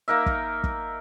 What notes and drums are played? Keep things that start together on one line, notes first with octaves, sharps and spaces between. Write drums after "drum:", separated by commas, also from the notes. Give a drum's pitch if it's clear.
A#3 D#4 A#4 E5
drum: kick
drum: kick